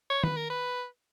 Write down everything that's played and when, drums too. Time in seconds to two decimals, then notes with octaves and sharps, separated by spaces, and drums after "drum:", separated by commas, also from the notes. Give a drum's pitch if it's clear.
0.10 C#5
0.24 B4, drum: tom
0.37 A#4
0.50 B4